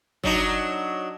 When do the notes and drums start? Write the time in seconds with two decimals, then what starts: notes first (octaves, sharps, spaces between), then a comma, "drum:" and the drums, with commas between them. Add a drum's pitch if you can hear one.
0.24 F#3 D4 D#4, drum: kick G1